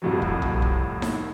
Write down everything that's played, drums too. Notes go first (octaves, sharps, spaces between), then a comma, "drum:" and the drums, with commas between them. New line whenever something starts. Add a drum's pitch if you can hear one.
C2 F2 A2 C3 F#3
drum: kick
drum: tom B1
drum: kick
drum: snare D#4